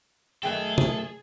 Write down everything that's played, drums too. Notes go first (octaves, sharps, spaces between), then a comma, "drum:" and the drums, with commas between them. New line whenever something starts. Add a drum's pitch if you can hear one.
F#2 D#3 A3 G#4 A4 B4 E5 G5
drum: tom C3